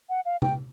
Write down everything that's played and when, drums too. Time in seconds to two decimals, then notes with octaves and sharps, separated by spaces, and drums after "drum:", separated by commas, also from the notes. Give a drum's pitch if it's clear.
0.09 F#5
0.25 F5
0.42 G5, drum: tom